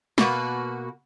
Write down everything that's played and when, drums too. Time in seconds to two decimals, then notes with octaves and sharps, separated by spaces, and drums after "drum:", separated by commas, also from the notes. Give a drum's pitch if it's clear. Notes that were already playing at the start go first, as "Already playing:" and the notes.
0.18 B2 A#3 F#4 B4, drum: snare